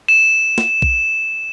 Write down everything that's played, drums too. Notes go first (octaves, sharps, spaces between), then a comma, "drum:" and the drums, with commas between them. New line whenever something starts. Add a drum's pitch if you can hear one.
E7
drum: snare
drum: kick A#1